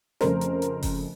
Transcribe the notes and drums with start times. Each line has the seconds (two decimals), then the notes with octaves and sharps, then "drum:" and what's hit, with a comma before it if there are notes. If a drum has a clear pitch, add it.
0.21 F2 C#3 F3 A3 C4 A#4 C5, drum: snare
0.41 drum: hi-hat
0.62 drum: hi-hat
0.83 drum: kick F#1, open hi-hat